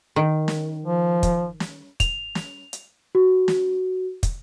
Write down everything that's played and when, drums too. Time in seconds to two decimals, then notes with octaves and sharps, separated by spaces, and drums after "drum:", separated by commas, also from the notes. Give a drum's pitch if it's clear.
0.16 D#3
0.48 drum: snare
0.85 F3
1.23 drum: kick, hi-hat
1.60 drum: snare
2.00 F7, drum: kick, hi-hat
2.35 drum: snare
2.73 drum: hi-hat
3.15 F#4
3.48 drum: snare
4.23 drum: kick, hi-hat